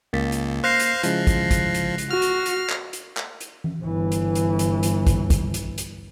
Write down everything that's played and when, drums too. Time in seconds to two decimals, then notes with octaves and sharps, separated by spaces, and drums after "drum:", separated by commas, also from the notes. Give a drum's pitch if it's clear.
0.13 C#2 A#3 A6 B6
0.32 drum: hi-hat
0.64 C5 F5 F#6 A#6 C7
0.80 drum: hi-hat
1.03 C#3 F3 G#3 E4, drum: hi-hat
1.27 drum: kick, hi-hat
1.51 drum: kick, hi-hat
1.74 drum: hi-hat
1.98 drum: hi-hat
2.11 F#4 F6
2.22 drum: hi-hat
2.46 drum: hi-hat
2.69 drum: clap
2.93 drum: hi-hat
3.17 drum: clap
3.41 drum: hi-hat
3.64 drum: tom E3
3.83 G1 E3
4.12 drum: hi-hat
4.35 drum: hi-hat
4.59 drum: hi-hat
4.83 drum: hi-hat
5.07 drum: kick, hi-hat
5.30 drum: kick, hi-hat
5.54 drum: hi-hat
5.78 drum: hi-hat